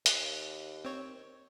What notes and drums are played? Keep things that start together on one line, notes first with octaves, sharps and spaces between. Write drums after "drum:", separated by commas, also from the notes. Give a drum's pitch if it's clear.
D#2 F#6 C7, drum: hi-hat
C4 C#5